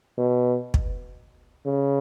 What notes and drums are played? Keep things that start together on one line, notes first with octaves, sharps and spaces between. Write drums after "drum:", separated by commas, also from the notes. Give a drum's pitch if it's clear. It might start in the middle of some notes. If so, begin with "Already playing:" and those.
B2
drum: kick
C#3